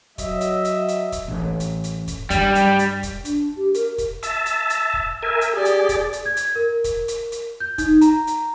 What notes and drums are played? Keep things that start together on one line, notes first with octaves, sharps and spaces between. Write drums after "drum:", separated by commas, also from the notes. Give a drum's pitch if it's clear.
F#3 D#5 E5, drum: kick, hi-hat
drum: hi-hat
drum: hi-hat
drum: hi-hat
drum: kick, hi-hat
A1
drum: hi-hat
drum: hi-hat
drum: kick, hi-hat
G2 G3, drum: hi-hat
drum: hi-hat
drum: hi-hat
drum: kick, hi-hat
D4, drum: hi-hat
G4
A#4, drum: hi-hat
drum: kick, hi-hat
E5 A5, drum: hi-hat
drum: hi-hat
drum: hi-hat
drum: kick
A#4 E5 G#5
drum: hi-hat
G4 G#4 D5
drum: hi-hat
drum: kick, hi-hat
drum: hi-hat
G#6
drum: hi-hat
A#4
drum: kick, hi-hat
drum: hi-hat
drum: hi-hat
G6
D#4, drum: kick, hi-hat
A#5, drum: hi-hat
drum: hi-hat